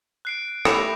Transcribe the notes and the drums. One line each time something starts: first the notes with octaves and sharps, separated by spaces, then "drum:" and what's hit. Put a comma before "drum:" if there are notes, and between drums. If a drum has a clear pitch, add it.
F#6 C7 D7
A3 E4 G4 A#6 E7 F7, drum: rim click